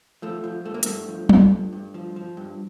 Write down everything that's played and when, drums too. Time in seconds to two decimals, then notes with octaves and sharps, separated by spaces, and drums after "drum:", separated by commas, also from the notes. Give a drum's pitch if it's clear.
0.22 F3 A3
0.44 F3
0.65 G2 A3
0.74 A#3
0.83 G2 A3, drum: hi-hat
1.08 F3
1.29 F3, drum: tom
1.51 G2
1.73 G2
1.94 F3
2.16 F3
2.37 G2